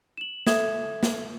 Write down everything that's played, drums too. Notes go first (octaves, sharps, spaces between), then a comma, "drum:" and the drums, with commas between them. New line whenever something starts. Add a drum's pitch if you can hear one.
E7 F#7
A4 E5 D#6 G#6 E7, drum: snare
drum: snare